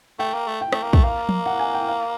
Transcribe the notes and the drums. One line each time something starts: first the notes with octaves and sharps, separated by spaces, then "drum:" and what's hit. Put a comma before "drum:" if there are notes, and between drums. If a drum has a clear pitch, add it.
A3 G5
A#3
A3
G5
A3, drum: rim click
A#3
A3, drum: kick
A#3 F5
drum: tom F3
F#5
G#5
G5
F5